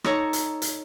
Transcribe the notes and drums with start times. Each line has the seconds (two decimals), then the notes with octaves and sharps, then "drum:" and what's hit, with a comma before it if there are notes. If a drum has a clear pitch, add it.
0.04 D#4 A4 C#5 A#5 C#6, drum: rim click
0.33 drum: hi-hat
0.62 drum: hi-hat